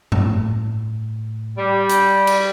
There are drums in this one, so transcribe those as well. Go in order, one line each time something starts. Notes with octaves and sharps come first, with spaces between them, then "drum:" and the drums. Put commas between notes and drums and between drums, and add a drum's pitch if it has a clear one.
A2, drum: tom G2
G3
drum: hi-hat
drum: cymbal